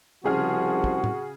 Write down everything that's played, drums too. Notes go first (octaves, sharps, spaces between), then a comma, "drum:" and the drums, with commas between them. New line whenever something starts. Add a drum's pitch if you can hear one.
C2 C#3 F3 F#4 G#4 F6
drum: kick
drum: tom